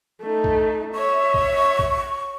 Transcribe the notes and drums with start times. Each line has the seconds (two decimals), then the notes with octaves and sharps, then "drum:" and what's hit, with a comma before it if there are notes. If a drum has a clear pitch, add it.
0.22 A3 D#4
0.44 drum: kick
0.95 C#5 E5 C#6
1.34 drum: kick
1.79 drum: kick